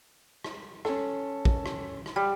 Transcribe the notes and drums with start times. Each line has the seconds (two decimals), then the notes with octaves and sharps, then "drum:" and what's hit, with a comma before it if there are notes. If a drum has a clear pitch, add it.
0.44 drum: rim click
0.85 C#4 A4, drum: rim click
1.45 drum: kick
1.66 drum: rim click
2.06 drum: rim click
2.16 G3